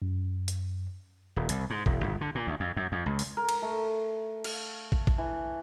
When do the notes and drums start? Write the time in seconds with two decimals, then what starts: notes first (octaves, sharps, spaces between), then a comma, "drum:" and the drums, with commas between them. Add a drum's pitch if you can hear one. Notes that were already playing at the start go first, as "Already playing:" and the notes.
0.02 F#2
0.48 drum: hi-hat
1.36 D#1
1.49 C2, drum: hi-hat
1.70 G#2
1.86 E1, drum: kick
2.04 G1
2.21 D3
2.35 A#2
2.47 D2
2.60 F2
2.76 F#2
2.92 F2
3.06 C#2
3.19 drum: open hi-hat
3.37 A#4
3.49 drum: cymbal
3.62 A3
4.44 F5, drum: cymbal
4.92 drum: kick
5.07 drum: kick
5.18 E3